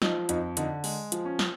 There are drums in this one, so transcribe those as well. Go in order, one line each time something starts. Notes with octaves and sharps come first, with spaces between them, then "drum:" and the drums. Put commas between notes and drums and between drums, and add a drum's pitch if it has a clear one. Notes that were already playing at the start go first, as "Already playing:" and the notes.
F3 D#4, drum: snare
F2 D#4, drum: hi-hat
D3 D#4, drum: hi-hat
G#3, drum: open hi-hat
F3, drum: hi-hat
C#4
drum: snare